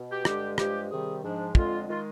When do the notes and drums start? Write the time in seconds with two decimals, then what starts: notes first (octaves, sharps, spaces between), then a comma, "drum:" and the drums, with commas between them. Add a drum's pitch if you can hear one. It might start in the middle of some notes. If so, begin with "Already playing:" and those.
Already playing: B2
0.09 G4
0.25 G2 D3 G#3 G4, drum: rim click
0.58 G2 F3 G#3 G4, drum: rim click
0.90 C3 D#3 G3 G#4
1.23 G#2 F3 G#3 D4
1.55 F2 D3 G#3 F4, drum: kick
1.88 D#3 G#3 F4